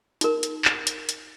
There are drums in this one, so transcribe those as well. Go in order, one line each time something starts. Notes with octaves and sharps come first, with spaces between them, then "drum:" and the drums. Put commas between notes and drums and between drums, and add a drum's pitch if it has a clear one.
D#4 A#4, drum: hi-hat
drum: hi-hat
drum: clap
drum: hi-hat
drum: hi-hat